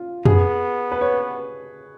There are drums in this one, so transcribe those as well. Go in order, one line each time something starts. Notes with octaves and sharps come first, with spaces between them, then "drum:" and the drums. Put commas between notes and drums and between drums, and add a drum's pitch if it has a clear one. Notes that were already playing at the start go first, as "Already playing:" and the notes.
Already playing: F4
B3 G#4, drum: tom
B4
C#5